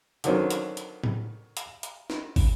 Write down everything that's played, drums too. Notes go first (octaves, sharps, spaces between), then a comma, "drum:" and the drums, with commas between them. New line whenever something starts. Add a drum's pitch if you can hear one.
D3 D#3 F#3 C4 C#4, drum: hi-hat
drum: hi-hat
drum: hi-hat
drum: tom
drum: hi-hat
drum: hi-hat
drum: snare
drum: kick, open hi-hat